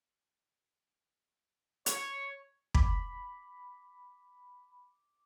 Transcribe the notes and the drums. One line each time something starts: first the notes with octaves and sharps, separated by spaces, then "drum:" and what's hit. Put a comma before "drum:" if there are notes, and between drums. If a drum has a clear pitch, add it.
C#5, drum: hi-hat
B5 D6, drum: kick